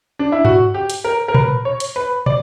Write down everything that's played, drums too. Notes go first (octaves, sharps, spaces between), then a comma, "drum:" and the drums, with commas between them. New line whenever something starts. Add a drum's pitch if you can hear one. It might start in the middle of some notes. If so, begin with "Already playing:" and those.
D4
E4
F#4, drum: tom G2
G4
drum: hi-hat
A#4
A#4
B4, drum: tom A#2
C#5
drum: hi-hat
B4
D5, drum: tom